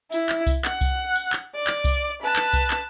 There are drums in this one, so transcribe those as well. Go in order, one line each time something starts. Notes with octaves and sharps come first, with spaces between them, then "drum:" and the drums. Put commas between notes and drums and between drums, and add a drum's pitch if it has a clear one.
E4, drum: tambourine
drum: clap
drum: kick C2, tambourine
F#5, drum: clap
drum: kick C2, tambourine
drum: tambourine
drum: clap
D5
drum: clap
drum: kick C2, tambourine
B4 A5
drum: clap
drum: kick C2, tambourine
drum: clap